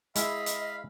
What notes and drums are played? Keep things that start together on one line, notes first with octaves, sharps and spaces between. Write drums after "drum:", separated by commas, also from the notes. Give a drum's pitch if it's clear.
G#3 E4 D#5 F5 B5, drum: hi-hat
drum: hi-hat